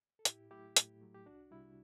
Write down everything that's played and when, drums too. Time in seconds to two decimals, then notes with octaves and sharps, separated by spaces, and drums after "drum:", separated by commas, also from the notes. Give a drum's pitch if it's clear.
0.19 A4
0.25 A2 E4 G4, drum: hi-hat
0.51 F#3 A3 E4 G4
0.77 A2, drum: hi-hat
1.01 F#3 A3
1.14 G4
1.26 C2 D4 F#4
1.51 C3 G3 E4